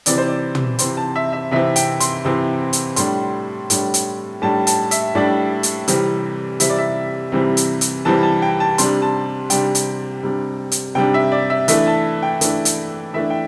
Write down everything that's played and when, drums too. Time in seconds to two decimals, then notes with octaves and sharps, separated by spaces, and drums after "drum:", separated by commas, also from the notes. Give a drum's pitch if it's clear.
0.06 C3 E3 C4 D5, drum: hi-hat
0.18 C5
0.28 D5
0.55 drum: tom
0.79 C3 E3 C4 C6, drum: hi-hat
0.97 A5
1.16 E5
1.33 E5
1.51 C3 E3 C4 E5
1.76 G5, drum: hi-hat
2.00 C6, drum: hi-hat
2.25 C3 E3 C4
2.73 drum: hi-hat
2.96 A2 G3 D4 C6, drum: hi-hat
3.70 A2 G3 D4, drum: hi-hat
3.94 drum: hi-hat
4.42 A2 G3 D4 A5
4.67 A5, drum: hi-hat
4.91 E5, drum: hi-hat
5.15 A2 G3 D4 D5
5.63 drum: hi-hat
5.88 C3 E3 G3 C4, drum: hi-hat
6.60 C3 E3 G3 C4 E5, drum: hi-hat
6.70 D5
6.78 E5
7.32 C3 E3 G3 C4
7.57 drum: hi-hat
7.81 drum: hi-hat
8.05 C3 E3 G3 C4 A5
8.23 A5
8.42 G5
8.60 A5
8.78 C3 G3 D4 C6, drum: hi-hat
9.02 A5
9.50 C3 G3 D4 G5, drum: hi-hat
9.75 drum: hi-hat
10.23 C3 G3 D4
10.72 drum: hi-hat
10.95 C3 G3 D4 G5
11.14 E5
11.32 D5
11.50 E5
11.68 E3 A3 D4 E5, drum: hi-hat
11.87 A5
12.23 G5
12.41 E3 A3 D4, drum: hi-hat
12.65 drum: hi-hat
13.14 E3 A3 D4 E5
13.30 G5